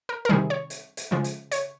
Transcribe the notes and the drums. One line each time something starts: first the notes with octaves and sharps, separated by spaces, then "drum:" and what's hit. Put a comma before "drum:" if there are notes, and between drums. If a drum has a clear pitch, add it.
A#4
A#4
C3 D#3 G3 G#4
C#5
drum: hi-hat
drum: hi-hat
C#3 F3 G#3
drum: hi-hat
C#5, drum: hi-hat